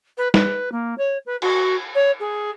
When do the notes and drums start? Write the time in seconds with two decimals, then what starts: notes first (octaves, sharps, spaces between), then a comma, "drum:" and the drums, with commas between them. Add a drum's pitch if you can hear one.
0.18 B4
0.34 B4, drum: snare
0.72 A#3
0.98 C#5
1.26 B4
1.42 F#4, drum: cymbal
1.95 C#5
2.20 G#4